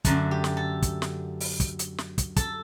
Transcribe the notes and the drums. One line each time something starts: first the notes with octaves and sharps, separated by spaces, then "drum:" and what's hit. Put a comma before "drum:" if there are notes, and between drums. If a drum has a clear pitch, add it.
F#2 D3 A3 F#4, drum: kick, hi-hat
G4
drum: snare
A4
drum: kick, hi-hat
drum: snare
drum: open hi-hat
drum: kick, hi-hat
drum: hi-hat
drum: snare
drum: kick, hi-hat
A4, drum: kick, hi-hat